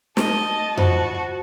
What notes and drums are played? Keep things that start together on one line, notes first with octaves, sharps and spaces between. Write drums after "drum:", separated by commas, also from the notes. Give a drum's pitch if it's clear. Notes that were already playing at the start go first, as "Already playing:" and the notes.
D#5 A5, drum: snare
F4 F#4 C5, drum: tom F2